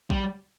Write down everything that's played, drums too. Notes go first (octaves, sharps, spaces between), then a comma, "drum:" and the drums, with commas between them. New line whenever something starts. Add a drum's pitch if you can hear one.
G3, drum: kick A#1